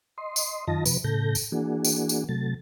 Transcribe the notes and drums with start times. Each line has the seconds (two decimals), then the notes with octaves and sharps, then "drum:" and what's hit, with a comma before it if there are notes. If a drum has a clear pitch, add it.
0.18 D#5 C6
0.36 drum: tambourine
0.67 F#2 D#3 F4 D#5 A5 A#6
0.86 C3 F3 B4, drum: tambourine
1.04 A2 C#3 A4 G6 A#6
1.35 drum: tambourine
1.52 E3 A#3 D4 F#4 G#4
1.85 drum: tambourine
2.09 drum: tambourine
2.29 C3 F#3 A3 A6